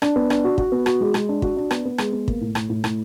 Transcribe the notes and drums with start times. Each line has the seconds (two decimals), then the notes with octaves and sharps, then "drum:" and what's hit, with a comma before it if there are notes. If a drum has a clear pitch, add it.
0.02 D4, drum: rim click
0.16 B3
0.30 D4, drum: rim click
0.44 F#4
0.58 F#4, drum: kick
0.72 B3
0.86 F#4, drum: rim click
1.01 G#3
1.14 G#3, drum: rim click
1.29 D4
1.42 F#4, drum: kick
1.57 D4
1.71 B3, drum: rim click
1.85 B3
1.98 G#3, drum: rim click
2.12 B3
2.28 A#3, drum: kick
2.41 A2
2.55 A2, drum: rim click
2.70 A2
2.84 A2, drum: rim click